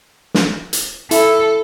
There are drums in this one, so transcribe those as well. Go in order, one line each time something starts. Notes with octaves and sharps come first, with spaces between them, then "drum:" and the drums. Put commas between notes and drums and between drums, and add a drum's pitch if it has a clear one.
drum: snare
drum: hi-hat
E4 A4, drum: hi-hat